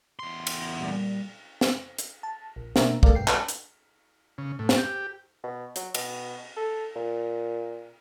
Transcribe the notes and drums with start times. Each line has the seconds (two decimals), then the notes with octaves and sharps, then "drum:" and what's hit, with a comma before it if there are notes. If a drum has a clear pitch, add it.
0.19 E2 C6
0.47 drum: cymbal
0.76 A#2 G3
1.61 drum: snare
1.98 drum: hi-hat
2.23 A5
2.56 A#1
2.76 B2 A#3 D4 E5 A#5, drum: snare
3.03 G#3 A3 A4 A#4 D5 F5, drum: kick
3.15 B1 G2 G5 C7
3.28 B4, drum: clap
3.48 drum: hi-hat
4.38 C#3
4.59 A2
4.69 drum: snare
4.78 G4
5.44 B2
5.76 F#3, drum: hi-hat
5.95 B2, drum: cymbal
6.56 A4
6.96 A#2